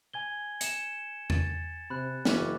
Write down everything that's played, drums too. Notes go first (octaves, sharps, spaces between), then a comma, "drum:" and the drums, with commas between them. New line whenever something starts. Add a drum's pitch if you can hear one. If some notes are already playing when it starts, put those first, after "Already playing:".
G#5 G#6 G7
C#7 E7, drum: hi-hat
A6, drum: tom E2
C3 B5 F#6
F#1 E3 C#4 D6, drum: snare